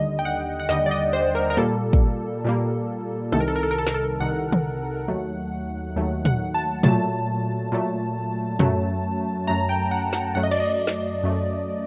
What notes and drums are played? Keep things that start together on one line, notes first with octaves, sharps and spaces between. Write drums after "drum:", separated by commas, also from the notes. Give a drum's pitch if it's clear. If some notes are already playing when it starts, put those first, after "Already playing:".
Already playing: D#2 D3 G3 D#5
G5, drum: hi-hat
F#5
F#5
D#2 D3 G3 D#5, drum: snare
D5
D#5
C5
A#4
A#4
A#2 G3 A#3 A4
drum: kick
A#2 G3 A#3
C2 C3 D#3 A4, drum: tom
A#4
A4
A#4
A4
A#4
A4
A#4, drum: snare
A4
C2 C3 D#3 F#5
drum: tom
D#2 D#3 F#3 A3
D#2 D#3 F#3 A3
F#5, drum: tom
A5
A#2 F#3 A3 A5, drum: tom
A#2 F#3 A3
F#2 F#3 A3, drum: tom
F#2 F#3 A3 A#5
G5
F#5
F#5, drum: snare
F#2 F#3 A3 F#5
D#5
D5, drum: cymbal
D#5
drum: snare
F#2 F#3 A3